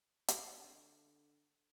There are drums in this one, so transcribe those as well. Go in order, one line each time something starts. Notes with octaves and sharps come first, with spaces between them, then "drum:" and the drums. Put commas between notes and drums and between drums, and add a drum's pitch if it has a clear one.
drum: hi-hat
D3